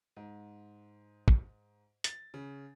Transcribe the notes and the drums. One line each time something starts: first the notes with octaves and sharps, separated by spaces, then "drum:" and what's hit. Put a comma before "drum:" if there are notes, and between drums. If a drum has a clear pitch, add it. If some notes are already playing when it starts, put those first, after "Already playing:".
G#2
drum: kick
A6, drum: hi-hat
C#3